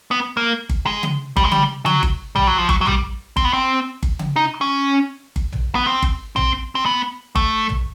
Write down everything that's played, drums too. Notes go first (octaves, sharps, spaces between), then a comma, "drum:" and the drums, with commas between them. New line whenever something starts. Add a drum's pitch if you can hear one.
B3
A#3
drum: kick G1
G#3
drum: tom C#3
G3, drum: kick G1
G#3
G3, drum: tom C#3
F#3, drum: tom C#3
drum: kick G1
G3, drum: tom
F#3
F3
F#3, drum: kick G1
F#3
G3, drum: tom
C4, drum: kick G1
B3
C4
drum: kick G1
drum: tom C#3
D#4
C#4
drum: kick G1
drum: tom
B3
C4
drum: kick G1
C4, drum: tom
C4
B3
A3, drum: kick G1
drum: tom